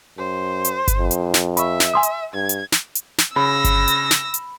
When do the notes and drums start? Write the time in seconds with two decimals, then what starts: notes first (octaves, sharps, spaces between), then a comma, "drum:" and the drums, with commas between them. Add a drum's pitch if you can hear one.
0.18 F#2 C5
0.65 drum: hi-hat
0.88 drum: kick G1, hi-hat
0.98 F2
1.11 drum: hi-hat
1.34 drum: snare
1.57 E5 B5 C#6, drum: hi-hat
1.80 drum: snare
1.94 G#5 C6 D#6
2.03 drum: hi-hat
2.34 G2 G#6
2.49 drum: hi-hat
2.72 drum: snare
2.95 drum: hi-hat
3.18 drum: snare
3.36 C#3 B5 E6 A#6
3.65 drum: kick G1, hi-hat
3.88 drum: hi-hat
4.11 drum: snare
4.34 drum: hi-hat